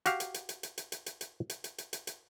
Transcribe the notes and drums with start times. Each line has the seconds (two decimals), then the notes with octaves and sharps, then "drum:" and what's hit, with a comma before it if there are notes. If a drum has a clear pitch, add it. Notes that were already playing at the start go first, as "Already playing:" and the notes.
0.06 F#4 G4 F5, drum: hi-hat
0.20 drum: hi-hat
0.34 drum: hi-hat
0.49 drum: hi-hat
0.63 drum: hi-hat
0.78 drum: hi-hat
0.92 drum: hi-hat
1.06 drum: hi-hat
1.21 drum: hi-hat
1.50 drum: hi-hat
1.64 drum: hi-hat
1.78 drum: hi-hat
1.93 drum: hi-hat
2.07 drum: hi-hat